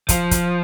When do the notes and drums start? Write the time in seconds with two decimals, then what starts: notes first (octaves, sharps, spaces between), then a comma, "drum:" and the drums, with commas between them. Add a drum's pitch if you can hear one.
0.09 F3, drum: kick, hi-hat
0.31 drum: kick, hi-hat